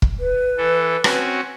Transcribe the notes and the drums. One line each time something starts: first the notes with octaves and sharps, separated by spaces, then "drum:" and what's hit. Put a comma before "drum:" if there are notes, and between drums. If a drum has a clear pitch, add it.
drum: kick
B4
E3 A4
C4 C#4 F#4, drum: rim click